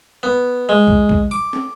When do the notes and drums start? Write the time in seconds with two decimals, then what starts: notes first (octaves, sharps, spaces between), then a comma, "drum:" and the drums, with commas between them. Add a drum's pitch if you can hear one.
0.23 B3
0.69 G#3
0.87 drum: kick
1.09 drum: kick
1.31 D6
1.53 drum: snare